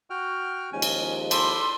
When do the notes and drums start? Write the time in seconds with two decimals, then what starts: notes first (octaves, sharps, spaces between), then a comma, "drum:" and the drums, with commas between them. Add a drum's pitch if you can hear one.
0.10 F#4 G5 F6
0.73 D#2 F3 G#3 C#4 G#5
0.82 drum: cymbal
1.31 A4 B5 C6 D6, drum: cymbal